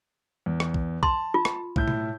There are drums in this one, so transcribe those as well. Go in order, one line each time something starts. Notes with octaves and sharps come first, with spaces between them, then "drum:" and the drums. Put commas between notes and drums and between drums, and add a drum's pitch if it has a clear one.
E2
drum: rim click
drum: kick
A5 C6, drum: kick
F4
drum: rim click
A2 E4 G6, drum: kick
drum: tom B2